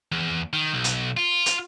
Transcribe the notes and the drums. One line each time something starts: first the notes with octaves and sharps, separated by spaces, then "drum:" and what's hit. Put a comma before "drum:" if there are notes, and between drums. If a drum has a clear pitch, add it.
E2
D#3
B1
drum: hi-hat
F4
drum: hi-hat